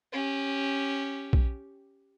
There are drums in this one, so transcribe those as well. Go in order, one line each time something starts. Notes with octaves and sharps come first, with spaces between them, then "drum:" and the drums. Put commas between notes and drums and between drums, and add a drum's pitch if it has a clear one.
C#4 G4
drum: kick A#1